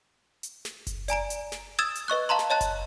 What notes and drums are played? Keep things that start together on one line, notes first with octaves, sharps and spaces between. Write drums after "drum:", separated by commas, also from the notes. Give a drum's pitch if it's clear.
drum: hi-hat
drum: snare
drum: kick F#1, hi-hat
D5 G#5 A#5 D7, drum: hi-hat
drum: hi-hat
drum: snare
D#6 E6 G#6 A6 E7
drum: hi-hat
B4 D#5 C#6 F#6
F5 A5 A#5 C6
drum: snare
C#5 D#5 A5 F#6
drum: kick F#1, hi-hat